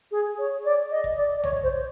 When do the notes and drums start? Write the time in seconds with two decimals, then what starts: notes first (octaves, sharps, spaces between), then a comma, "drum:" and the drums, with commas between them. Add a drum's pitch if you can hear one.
0.12 G#4
0.39 C#5
0.65 D5
0.91 D#5
1.04 drum: kick
1.17 D5
1.38 D5
1.43 C#5, drum: tom
1.63 C5